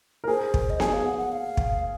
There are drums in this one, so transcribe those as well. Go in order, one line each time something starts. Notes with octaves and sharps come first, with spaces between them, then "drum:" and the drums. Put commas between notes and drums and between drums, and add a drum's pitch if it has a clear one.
A#4
G#4 C5
drum: kick
D#5
G#4 C#5, drum: snare B3
F5
F#5
F#5
F5
drum: kick